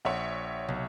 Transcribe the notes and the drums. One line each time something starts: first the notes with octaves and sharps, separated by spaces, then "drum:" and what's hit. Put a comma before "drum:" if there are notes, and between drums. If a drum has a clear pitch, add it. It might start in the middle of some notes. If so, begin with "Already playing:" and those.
A#1 C#5 E5 F#5
B1, drum: tom